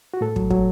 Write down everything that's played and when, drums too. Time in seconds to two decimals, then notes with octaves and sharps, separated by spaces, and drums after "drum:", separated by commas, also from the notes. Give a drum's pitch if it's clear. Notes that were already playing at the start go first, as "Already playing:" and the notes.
0.14 F#4
0.21 A2 A4
0.36 F#3, drum: kick
0.50 F#3, drum: kick